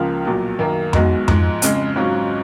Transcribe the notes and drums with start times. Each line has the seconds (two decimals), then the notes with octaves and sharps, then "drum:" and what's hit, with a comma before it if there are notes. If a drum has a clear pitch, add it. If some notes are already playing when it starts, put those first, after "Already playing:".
Already playing: C#2 C#3 F3 A#3 F4
0.25 B1 A#2 F#3
0.59 F#2 D#3 A#3
0.93 B1 B2 G#3 D#4 F#4, drum: tom F2
1.28 G#2 F3 G#3, drum: tom F2
1.62 F2 C#3 G#3, drum: hi-hat
1.96 G#1 G#2 F#3 C#4 F4